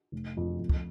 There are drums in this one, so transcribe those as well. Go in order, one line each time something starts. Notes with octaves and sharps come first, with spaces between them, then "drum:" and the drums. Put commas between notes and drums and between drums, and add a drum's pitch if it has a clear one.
F1
F2
F2
drum: kick